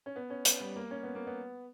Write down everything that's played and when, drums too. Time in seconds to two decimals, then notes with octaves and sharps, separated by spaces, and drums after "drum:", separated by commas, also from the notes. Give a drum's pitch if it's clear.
0.06 C#4
0.16 B3
0.30 C#4
0.45 B3, drum: hi-hat
0.60 G3
0.76 A#3
0.91 C#4
1.03 B3
1.15 A#3
1.27 B3